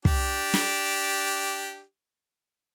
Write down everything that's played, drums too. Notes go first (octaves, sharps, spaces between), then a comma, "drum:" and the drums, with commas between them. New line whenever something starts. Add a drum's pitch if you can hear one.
D4 G4, drum: kick
drum: snare